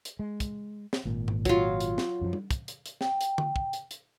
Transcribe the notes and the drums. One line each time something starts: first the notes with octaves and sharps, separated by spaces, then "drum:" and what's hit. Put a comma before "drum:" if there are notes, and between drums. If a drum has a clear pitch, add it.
drum: hi-hat
G#3
drum: kick, hi-hat
drum: snare
G#1 A#2
drum: tom G#2
F#3 F4, drum: kick, hi-hat
drum: hi-hat
drum: snare
F#2 F3
drum: tom G3
drum: kick, hi-hat
drum: hi-hat
drum: hi-hat
G5, drum: snare
drum: hi-hat
drum: tom D3
drum: kick
drum: hi-hat
drum: hi-hat